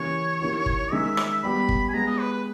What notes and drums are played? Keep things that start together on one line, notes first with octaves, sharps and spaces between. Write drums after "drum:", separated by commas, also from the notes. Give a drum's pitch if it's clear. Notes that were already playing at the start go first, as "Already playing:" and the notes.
Already playing: C#3 E3 A#3 E4 G4 C#5
D#3 A#3 E4 G4
drum: kick
D#3 G#3 D#4 G#4 E5
drum: rim click
G3 B3 G4 B5
drum: kick
G#5
G#3 B3 G4 A#5
D#5
B4
B4